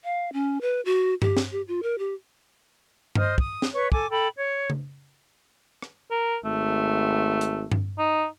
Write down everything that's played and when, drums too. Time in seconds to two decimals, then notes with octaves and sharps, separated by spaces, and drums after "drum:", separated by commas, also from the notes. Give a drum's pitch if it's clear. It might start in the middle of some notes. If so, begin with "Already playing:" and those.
0.04 F5
0.33 C#4
0.61 B4
0.85 F#4
1.22 G4, drum: tom G2
1.37 drum: snare
1.52 G4
1.68 F4
1.83 A#4
1.99 G4
3.15 C5 D#5 D#6 F6, drum: tom G2
3.38 D#6, drum: kick
3.62 drum: snare
3.74 B4 C#5 C#6
3.92 A4 G#5 D6, drum: kick
4.10 A4 G5 B5
4.37 C#5
4.70 drum: tom C#3
5.82 drum: rim click
6.11 A#4
6.45 G#1 A3
7.41 drum: hi-hat
7.72 drum: tom G2
7.98 D#4